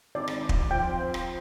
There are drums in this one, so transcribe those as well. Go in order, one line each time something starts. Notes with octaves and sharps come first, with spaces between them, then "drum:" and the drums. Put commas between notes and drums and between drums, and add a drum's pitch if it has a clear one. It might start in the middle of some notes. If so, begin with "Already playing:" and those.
G#1 D5
drum: rim click
drum: kick
F3 C4 F4 C5 G5
drum: rim click